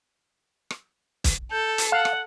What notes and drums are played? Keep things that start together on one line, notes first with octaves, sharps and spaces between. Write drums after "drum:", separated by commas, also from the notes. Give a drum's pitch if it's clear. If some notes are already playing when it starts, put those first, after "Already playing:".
drum: rim click
drum: kick, hi-hat
A4 G6
drum: hi-hat
F5 F#5
drum: rim click